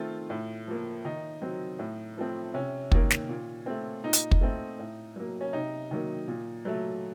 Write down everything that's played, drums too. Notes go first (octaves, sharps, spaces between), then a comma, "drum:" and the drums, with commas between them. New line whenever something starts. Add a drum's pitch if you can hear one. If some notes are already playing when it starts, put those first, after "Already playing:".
Already playing: D#3 A3 C4 F4
A2
F3 A#3
D#3 D#4
F#3 C4
A2
F3 A3 C4
C3 C#4
D#3 A#3, drum: kick
drum: snare
A#2
A3 C4
A#2 D#4
drum: hi-hat
drum: kick
A3 C4
A2
F#3 A#3
C#4
C3 D#4
D#3 F#3 A#3
A#2
F#3 A3